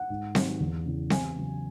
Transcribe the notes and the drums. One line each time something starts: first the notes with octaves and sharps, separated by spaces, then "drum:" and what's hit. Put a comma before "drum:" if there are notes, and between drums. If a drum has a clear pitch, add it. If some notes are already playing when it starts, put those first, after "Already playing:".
Already playing: F#5
G#2
D#3 F#3, drum: snare C4
E2
C#3 E3
E2 G#5, drum: snare C4
C#3 F#3